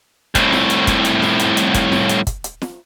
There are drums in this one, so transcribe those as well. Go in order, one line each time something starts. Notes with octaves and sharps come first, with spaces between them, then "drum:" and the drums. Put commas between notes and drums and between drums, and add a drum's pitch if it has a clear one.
C2 A2, drum: kick, hi-hat
drum: snare
drum: hi-hat
drum: kick, hi-hat
drum: hi-hat
drum: snare
drum: hi-hat
drum: hi-hat
drum: kick, hi-hat
drum: snare
drum: hi-hat
drum: kick, hi-hat
drum: hi-hat
drum: snare